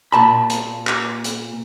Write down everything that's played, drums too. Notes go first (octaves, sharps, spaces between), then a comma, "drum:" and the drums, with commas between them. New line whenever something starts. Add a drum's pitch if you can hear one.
A#2 A5 B5
drum: hi-hat
drum: clap
drum: hi-hat